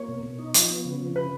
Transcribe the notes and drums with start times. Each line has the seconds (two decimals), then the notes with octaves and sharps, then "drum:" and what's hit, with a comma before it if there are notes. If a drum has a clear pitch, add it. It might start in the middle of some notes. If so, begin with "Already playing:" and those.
Already playing: A#3 C#5
0.08 B2
0.23 B2
0.38 D#4
0.54 F3, drum: hi-hat
0.70 B3
0.85 C#3
1.00 F3
1.16 C#3 B4